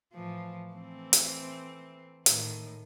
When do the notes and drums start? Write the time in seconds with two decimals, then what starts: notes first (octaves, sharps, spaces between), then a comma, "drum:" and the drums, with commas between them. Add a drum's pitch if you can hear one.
0.14 A2 E3 F3
0.74 E3 A3 C4
1.13 drum: hi-hat
2.26 A2 D#3, drum: hi-hat